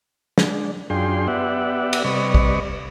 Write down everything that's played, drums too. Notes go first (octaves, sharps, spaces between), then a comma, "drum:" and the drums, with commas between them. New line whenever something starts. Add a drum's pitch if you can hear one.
G#3 D4, drum: snare
F#2 D4 F4 G#4 G5 C6
B3 G4 D5 E5 F#5
drum: cymbal
C3 G3 B4 D5 D#5 C#6
drum: kick